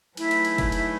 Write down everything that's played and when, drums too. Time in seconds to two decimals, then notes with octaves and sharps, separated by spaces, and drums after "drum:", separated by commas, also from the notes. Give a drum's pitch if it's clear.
0.17 F#3 A3 D#4 E4 G#4 B4, drum: cymbal
0.31 drum: cymbal
0.45 drum: cymbal
0.58 drum: kick, cymbal
0.72 E4, drum: cymbal